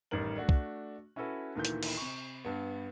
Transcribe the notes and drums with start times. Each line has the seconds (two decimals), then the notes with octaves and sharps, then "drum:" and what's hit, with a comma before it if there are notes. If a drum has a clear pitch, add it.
0.11 A1 D#3 G3 A#4 F#7
0.36 A3 D4 F#4
0.49 drum: kick
1.16 C#4 E4 F#4 A4 B4
1.55 D2 A#2 D#3 E3 G6
1.65 drum: hi-hat
1.83 drum: cymbal
1.97 C3 C#6
2.45 G2 B3